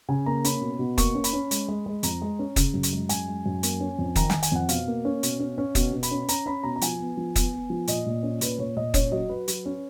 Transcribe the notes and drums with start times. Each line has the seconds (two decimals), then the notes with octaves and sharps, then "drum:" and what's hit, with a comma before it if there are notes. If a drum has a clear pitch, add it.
0.09 C#3 G#5
0.26 A#3 A#5
0.45 C#4 B5, drum: hi-hat
0.61 B2
0.79 B2
0.98 A#3 C#6, drum: kick, hi-hat
1.15 C#4
1.24 B5, drum: hi-hat
1.33 C#4
1.51 G#3, drum: hi-hat
1.69 G#3
1.86 G#3
2.03 F2 A#5, drum: hi-hat
2.22 G#3
2.39 C#4
2.56 C#3, drum: kick, hi-hat
2.74 F#2
2.83 drum: hi-hat
2.93 G#3
3.09 F#2 G#5, drum: hi-hat
3.28 G#3
3.46 F#2
3.63 A#3, drum: hi-hat
3.81 C#4
3.99 F2
4.16 D#3 A#5, drum: kick, hi-hat
4.30 G#5, drum: snare
4.34 D#3
4.43 G#5, drum: hi-hat
4.52 F2 F#5
4.69 B2 F5, drum: hi-hat
4.87 A#3
5.05 C#4
5.23 B2, drum: hi-hat
5.40 C#4
5.58 C#4
5.75 B2, drum: kick, hi-hat
5.93 B2
6.03 B5, drum: hi-hat
6.11 C#4
6.28 C#4 A#5, drum: hi-hat
6.46 C#4 B5
6.63 B2 A#5
6.76 A#5
6.81 F3 G#5, drum: hi-hat
6.99 B3
7.17 F3
7.36 B3, drum: kick, hi-hat
7.53 B3
7.70 F3
7.87 A#2 D#5, drum: hi-hat
8.06 A#2
8.23 C#4
8.41 A#2 B4, drum: hi-hat
8.59 A#2 C#5
8.77 A#2 D#5
8.94 C#4 C#5, drum: kick, hi-hat
9.12 F#3 D#5
9.29 F#3 B4
9.48 F#3, drum: hi-hat
9.66 C#4